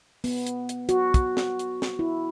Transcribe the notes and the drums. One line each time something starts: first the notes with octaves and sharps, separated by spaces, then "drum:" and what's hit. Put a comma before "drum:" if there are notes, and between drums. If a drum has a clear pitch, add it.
B3, drum: open hi-hat
drum: hi-hat
drum: hi-hat
F#4, drum: hi-hat
drum: kick, hi-hat
drum: snare
drum: hi-hat
drum: snare
E4